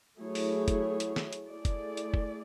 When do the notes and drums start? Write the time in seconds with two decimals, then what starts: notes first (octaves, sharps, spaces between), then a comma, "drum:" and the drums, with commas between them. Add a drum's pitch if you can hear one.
0.19 F#3 A3 E4 G#4 C#5
0.35 drum: open hi-hat
0.68 drum: kick F1, hi-hat
1.00 drum: hi-hat
1.16 drum: snare
1.33 drum: hi-hat
1.48 A3 E4 G#4 D5
1.65 drum: kick F1, hi-hat
1.97 drum: hi-hat
2.14 drum: kick F1